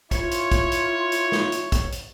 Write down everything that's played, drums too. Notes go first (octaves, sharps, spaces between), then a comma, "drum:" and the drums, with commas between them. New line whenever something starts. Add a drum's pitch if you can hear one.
E4 F4 C#5, drum: kick, hi-hat
drum: hi-hat
drum: kick, hi-hat
drum: hi-hat
drum: hi-hat
drum: snare
drum: hi-hat
drum: kick, hi-hat
drum: hi-hat